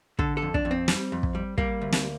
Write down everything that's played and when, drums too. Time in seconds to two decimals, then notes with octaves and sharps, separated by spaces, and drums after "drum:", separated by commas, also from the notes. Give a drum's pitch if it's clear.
0.19 D3 A4, drum: kick
0.37 A4
0.42 F2
0.54 D4, drum: kick
0.65 F2
0.71 C4
0.88 G3, drum: snare
1.12 F2
1.23 drum: kick
1.35 G3
1.58 G3 A#3, drum: kick
1.81 D2
1.92 drum: snare